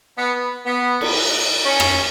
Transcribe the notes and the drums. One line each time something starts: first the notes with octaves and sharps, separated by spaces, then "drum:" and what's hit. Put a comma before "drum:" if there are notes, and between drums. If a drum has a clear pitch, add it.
B3
B3
drum: cymbal
C#4
drum: rim click